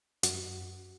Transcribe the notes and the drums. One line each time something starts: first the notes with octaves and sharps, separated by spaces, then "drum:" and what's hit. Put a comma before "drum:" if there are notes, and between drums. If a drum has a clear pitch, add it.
F#2 F#4, drum: hi-hat